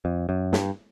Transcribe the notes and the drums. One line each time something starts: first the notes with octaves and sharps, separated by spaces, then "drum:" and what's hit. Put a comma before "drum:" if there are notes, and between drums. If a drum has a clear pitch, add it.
F2
F#2
G2, drum: snare